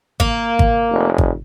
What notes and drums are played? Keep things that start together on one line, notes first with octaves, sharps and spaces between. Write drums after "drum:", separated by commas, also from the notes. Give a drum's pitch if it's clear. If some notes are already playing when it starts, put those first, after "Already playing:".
A#3, drum: kick G#1
drum: kick G#1
F1
drum: kick G#1